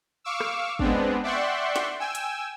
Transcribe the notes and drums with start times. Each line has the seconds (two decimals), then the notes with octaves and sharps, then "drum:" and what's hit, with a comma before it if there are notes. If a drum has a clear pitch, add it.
0.24 F5 C#6 D6 E6
0.40 drum: rim click
0.79 G#3 B3 C4 D4, drum: kick
1.23 D5 E5 F#5 G5 C6 C#6
1.76 drum: snare
2.00 G5 G#5 E6
2.15 drum: hi-hat